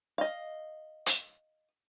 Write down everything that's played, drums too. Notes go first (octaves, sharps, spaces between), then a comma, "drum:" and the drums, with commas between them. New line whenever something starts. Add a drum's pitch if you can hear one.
D#5 F5
drum: hi-hat